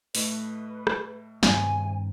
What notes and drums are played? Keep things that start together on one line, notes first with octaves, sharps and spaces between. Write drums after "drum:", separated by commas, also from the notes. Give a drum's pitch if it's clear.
A2 A3 B4 D#5, drum: open hi-hat
drum: rim click
E2 G2 C3 D#3 C4 G#5, drum: snare